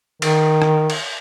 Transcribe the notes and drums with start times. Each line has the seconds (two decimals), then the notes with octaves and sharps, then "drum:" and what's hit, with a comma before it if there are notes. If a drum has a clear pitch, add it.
0.22 D#3, drum: cymbal
0.62 drum: rim click
0.90 drum: cymbal